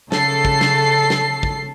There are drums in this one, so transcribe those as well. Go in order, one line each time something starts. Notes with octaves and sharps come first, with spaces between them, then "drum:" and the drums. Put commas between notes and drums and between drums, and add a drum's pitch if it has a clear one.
C#3 A4 C7, drum: snare
drum: kick
drum: snare
drum: snare
drum: kick